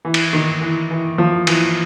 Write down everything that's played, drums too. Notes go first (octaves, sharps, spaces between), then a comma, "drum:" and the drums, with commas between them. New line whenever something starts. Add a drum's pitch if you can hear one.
E3
drum: cymbal
D#3
E3
E3
F3
E3, drum: cymbal